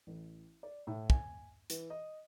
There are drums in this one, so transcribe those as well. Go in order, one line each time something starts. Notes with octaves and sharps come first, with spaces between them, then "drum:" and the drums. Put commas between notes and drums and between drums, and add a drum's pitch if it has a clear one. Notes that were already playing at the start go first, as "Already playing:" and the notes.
A1
D5
A2
G#5, drum: kick
E3, drum: hi-hat
D#5